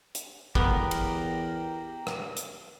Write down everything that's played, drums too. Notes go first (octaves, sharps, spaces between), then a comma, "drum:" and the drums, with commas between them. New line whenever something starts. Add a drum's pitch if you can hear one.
drum: hi-hat
E2 B3 G4 A#4, drum: kick
drum: cymbal
drum: rim click
drum: hi-hat